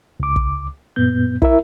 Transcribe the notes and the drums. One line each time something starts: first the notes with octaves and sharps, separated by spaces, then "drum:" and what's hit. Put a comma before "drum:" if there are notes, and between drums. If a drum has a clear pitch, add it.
C#2 D6
drum: kick
F#2 A#2 B3 G6
E4 A#4 E5, drum: kick